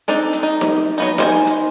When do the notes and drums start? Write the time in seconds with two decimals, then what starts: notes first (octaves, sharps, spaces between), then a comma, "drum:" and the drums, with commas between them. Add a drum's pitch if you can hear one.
0.08 C4 D4 D#4 A4
0.33 drum: hi-hat
0.43 D#4
0.61 drum: snare D#4
0.98 F#3 B3 D#4
1.18 D#4 C5 G#5, drum: snare D#4
1.47 drum: hi-hat